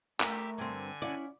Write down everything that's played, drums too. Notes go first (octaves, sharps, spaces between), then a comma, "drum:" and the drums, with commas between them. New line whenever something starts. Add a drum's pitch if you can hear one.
A3 G4 A#4 E5, drum: clap
G2 D3 C4 G#5 G#6
C#4 E4 D5 F#5